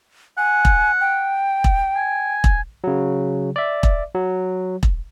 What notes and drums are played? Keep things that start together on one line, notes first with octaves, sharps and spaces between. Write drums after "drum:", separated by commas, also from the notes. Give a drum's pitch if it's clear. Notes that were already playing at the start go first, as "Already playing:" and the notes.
F#5 G#5
drum: kick E1
G5
drum: kick E1
G#5
drum: kick E1
C#3 F#3
D5 E5
drum: kick E1
F#3
drum: kick E1